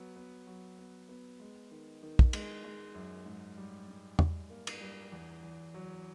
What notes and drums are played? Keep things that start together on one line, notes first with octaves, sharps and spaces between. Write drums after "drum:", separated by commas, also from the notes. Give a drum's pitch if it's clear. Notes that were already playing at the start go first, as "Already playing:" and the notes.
Already playing: F#3 B3
B3
F#3
B3
B3
G#3
D#3
D#3
drum: kick
G#3, drum: cymbal
G#3
F#2
G#2
G3
G#2
G3, drum: tom
A#3
drum: cymbal
G3
E2
E2
F#3